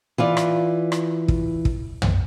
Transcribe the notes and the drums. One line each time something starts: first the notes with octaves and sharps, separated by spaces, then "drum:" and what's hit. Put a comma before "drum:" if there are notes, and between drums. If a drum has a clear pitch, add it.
E3 F4 D5
drum: rim click
drum: rim click
drum: kick
drum: kick
drum: tom